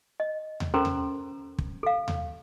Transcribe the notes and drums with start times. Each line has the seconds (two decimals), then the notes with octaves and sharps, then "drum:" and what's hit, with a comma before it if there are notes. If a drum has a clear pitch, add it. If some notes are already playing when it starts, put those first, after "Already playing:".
0.20 D#5
0.60 drum: tom D#2
0.74 C#4 A4 A#4 C5 A#5 C6
0.85 drum: tom D#2
1.59 drum: kick
1.83 A4 F5
2.08 drum: tom D#2